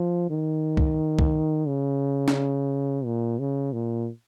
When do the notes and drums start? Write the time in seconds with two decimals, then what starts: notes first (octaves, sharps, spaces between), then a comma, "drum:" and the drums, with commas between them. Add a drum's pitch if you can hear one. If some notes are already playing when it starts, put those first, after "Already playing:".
Already playing: F3
0.30 D#3
0.77 drum: kick
1.19 drum: kick
1.67 C#3
2.28 drum: snare C#4
3.05 A#2
3.39 C#3
3.73 A#2